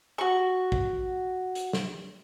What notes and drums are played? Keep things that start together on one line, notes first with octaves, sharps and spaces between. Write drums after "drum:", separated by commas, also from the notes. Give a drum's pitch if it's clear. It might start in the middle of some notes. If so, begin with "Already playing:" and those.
F#4 C#6
drum: kick
drum: hi-hat
drum: snare